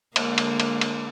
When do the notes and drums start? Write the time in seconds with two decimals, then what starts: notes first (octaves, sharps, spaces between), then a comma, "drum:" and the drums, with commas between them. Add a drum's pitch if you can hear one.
0.16 D3 G#3 A#3, drum: cymbal
0.38 drum: cymbal
0.60 drum: cymbal
0.81 drum: cymbal